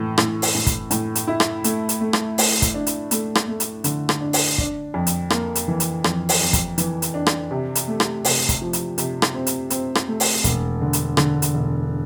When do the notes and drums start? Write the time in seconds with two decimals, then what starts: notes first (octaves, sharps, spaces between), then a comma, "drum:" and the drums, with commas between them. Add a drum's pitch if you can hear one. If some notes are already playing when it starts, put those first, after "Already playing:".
Already playing: A2 E3
0.18 A2, drum: rim click
0.42 drum: open hi-hat
0.55 A2
0.67 drum: kick, hi-hat
0.91 A2, drum: hi-hat
1.15 drum: hi-hat
1.27 E4
1.40 drum: rim click
1.64 A3, drum: hi-hat
1.89 drum: hi-hat
2.01 A3
2.13 drum: rim click
2.38 A3, drum: open hi-hat
2.62 drum: kick, hi-hat
2.74 D4
2.87 drum: hi-hat
3.11 A3, drum: hi-hat
3.35 drum: rim click
3.48 A3
3.60 drum: hi-hat
3.84 D3, drum: hi-hat
4.09 drum: rim click
4.21 D4
4.33 drum: open hi-hat
4.58 D4, drum: kick
4.94 F2
5.07 drum: hi-hat
5.30 A#3, drum: rim click
5.55 drum: hi-hat
5.68 E3
5.80 drum: hi-hat
6.04 F2, drum: rim click
6.29 drum: open hi-hat
6.41 F2
6.53 drum: kick, hi-hat
6.78 E3, drum: hi-hat
7.02 drum: hi-hat
7.14 D4
7.27 drum: rim click
7.51 C3
7.75 drum: hi-hat
7.88 A3
8.00 drum: rim click
8.25 C3, drum: open hi-hat
8.49 drum: kick, hi-hat
8.62 F3
8.73 drum: hi-hat
8.98 C3, drum: hi-hat
9.22 drum: rim click
9.34 C4
9.47 drum: hi-hat
9.70 C4, drum: hi-hat
9.95 drum: rim click
10.08 A3
10.20 drum: open hi-hat
10.44 E1, drum: kick, hi-hat
10.81 D3
10.93 drum: hi-hat
11.17 D3, drum: rim click
11.42 drum: hi-hat
11.54 E1